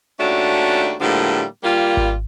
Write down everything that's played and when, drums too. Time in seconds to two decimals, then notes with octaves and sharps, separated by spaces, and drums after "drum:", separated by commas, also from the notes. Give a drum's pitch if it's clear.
0.19 D#2 A3 C#4 D4 F#4
1.01 A2 D3 F3 G3 G#3 A#3
1.64 G3 A#3 F4
1.97 drum: kick G#1